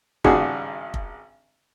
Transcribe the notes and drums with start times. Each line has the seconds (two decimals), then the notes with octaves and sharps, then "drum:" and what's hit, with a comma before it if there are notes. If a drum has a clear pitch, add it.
0.24 G#1 G2 C#3 D4 F#4 G#4, drum: kick
0.94 drum: kick